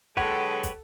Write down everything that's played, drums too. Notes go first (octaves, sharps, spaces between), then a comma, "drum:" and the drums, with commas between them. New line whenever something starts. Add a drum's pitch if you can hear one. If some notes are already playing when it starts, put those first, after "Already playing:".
D3 F#3 G#3 G4 A4 B4 C#5 F#5, drum: kick
drum: kick, hi-hat